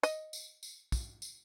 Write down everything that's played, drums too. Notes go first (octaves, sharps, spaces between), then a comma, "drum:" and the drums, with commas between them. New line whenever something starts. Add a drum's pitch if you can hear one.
D#5, drum: tambourine
drum: tambourine
drum: tambourine
drum: kick, tambourine
drum: tambourine